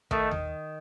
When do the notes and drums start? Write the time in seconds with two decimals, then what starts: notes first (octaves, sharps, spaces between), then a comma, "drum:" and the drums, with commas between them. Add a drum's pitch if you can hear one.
0.11 D#3 A3, drum: kick
0.31 drum: tom D#2